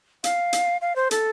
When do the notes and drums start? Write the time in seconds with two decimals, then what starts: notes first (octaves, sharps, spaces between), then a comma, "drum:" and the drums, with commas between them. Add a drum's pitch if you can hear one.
0.24 F5, drum: hi-hat
0.53 drum: hi-hat
0.81 F5
0.96 C5
1.11 A4, drum: hi-hat